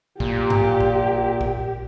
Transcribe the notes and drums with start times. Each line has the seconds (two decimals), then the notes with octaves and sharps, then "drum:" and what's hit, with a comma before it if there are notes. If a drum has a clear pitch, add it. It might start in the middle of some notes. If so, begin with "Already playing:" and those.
0.20 A#2 G4, drum: kick A#1
0.50 drum: tom G2
0.80 drum: kick A#1
1.41 drum: kick A#1